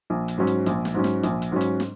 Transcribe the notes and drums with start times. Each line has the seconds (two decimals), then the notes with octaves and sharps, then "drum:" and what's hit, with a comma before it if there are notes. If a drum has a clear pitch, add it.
0.10 A#1
0.28 drum: hi-hat
0.38 G#2 F#3 C#4
0.47 drum: hi-hat
0.66 A#1, drum: hi-hat
0.85 drum: snare
0.94 G#2 F#3 C#4
1.04 drum: snare
1.23 A#1, drum: hi-hat
1.42 drum: hi-hat
1.52 G#2 F#3 C#4
1.61 drum: hi-hat
1.80 drum: snare